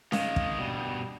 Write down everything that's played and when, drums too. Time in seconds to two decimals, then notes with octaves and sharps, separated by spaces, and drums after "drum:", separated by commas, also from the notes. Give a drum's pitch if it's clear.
0.12 D#3 G#3 F5, drum: snare C#4
0.36 drum: kick
0.59 G2 B2 G3